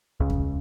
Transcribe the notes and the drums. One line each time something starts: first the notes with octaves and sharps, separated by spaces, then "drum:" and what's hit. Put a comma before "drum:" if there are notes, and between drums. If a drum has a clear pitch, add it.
C#2 C#3
drum: kick E2